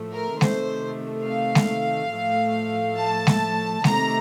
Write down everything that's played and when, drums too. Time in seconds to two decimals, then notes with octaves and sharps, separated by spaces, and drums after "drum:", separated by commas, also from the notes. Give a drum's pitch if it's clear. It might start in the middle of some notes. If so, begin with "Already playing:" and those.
Already playing: A2 F3 A3
0.12 A#4
0.41 C3 D#3 A3 C5, drum: snare G#3
1.26 F5
1.55 drum: snare G#3
2.12 A2 F3 A3
2.98 A5
3.27 drum: snare G#3
3.84 C3 D#3 A3 A#5, drum: snare G#3